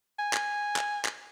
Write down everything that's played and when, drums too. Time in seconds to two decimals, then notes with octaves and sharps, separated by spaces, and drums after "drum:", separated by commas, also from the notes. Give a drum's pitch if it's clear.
0.19 G#5
0.33 drum: clap
0.76 drum: clap
1.05 drum: clap